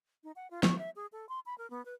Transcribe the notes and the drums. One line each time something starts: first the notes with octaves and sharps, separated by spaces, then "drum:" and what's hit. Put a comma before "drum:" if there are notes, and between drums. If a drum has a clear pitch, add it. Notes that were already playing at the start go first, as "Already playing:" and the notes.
D#4
F#5
F4
C#6, drum: snare
E5
G#4
A4
C6
B5
A#4
B3
B4